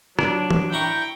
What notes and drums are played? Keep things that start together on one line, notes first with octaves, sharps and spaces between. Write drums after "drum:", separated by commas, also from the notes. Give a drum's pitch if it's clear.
F#3 D4, drum: rim click
drum: tom E3
E4 G5 A#5 C#6